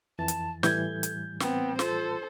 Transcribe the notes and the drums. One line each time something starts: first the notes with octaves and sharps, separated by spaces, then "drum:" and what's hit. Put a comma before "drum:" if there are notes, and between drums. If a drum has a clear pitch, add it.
F2 E3 A5 A6
drum: hi-hat
A2 E3 G3 A4 G6 G#6, drum: snare
drum: hi-hat
B3 C4 G5, drum: snare
F4 A4 C5, drum: snare